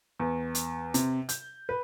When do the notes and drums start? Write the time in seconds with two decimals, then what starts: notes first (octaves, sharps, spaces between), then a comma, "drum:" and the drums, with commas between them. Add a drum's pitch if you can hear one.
0.20 E2
0.55 drum: hi-hat
0.94 C3, drum: hi-hat
1.29 G6, drum: hi-hat
1.69 B4